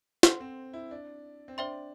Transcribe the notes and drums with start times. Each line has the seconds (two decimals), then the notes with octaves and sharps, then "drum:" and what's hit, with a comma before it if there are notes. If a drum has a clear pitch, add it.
0.23 A4 C5 F#5 C6, drum: snare
0.40 C4
0.73 E4
0.91 D4
1.48 C4
1.58 D4 C5 E5 G5 C6